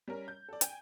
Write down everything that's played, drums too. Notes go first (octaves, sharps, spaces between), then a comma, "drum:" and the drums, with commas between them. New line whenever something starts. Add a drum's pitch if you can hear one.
G3 C#4 A#4
G6
A4 D5
G5 G#5, drum: hi-hat